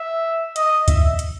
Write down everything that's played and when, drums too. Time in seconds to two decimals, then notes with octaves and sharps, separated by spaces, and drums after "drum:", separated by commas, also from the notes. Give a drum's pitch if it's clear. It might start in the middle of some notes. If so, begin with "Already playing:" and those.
Already playing: E5
0.56 D#5, drum: hi-hat
0.88 E5, drum: kick, hi-hat
1.19 drum: hi-hat